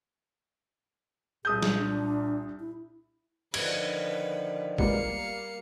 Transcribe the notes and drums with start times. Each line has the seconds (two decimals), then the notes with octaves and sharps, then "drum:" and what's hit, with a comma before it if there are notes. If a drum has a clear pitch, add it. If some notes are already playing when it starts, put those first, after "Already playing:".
1.45 C2 A#2 G#4 D#6 G6
1.63 drum: snare
1.77 D4
2.60 E4
3.54 D3 D#3 F3 B4 G#6, drum: cymbal
4.78 G3 G#3 A#3 B3 F4 F5 C#7, drum: kick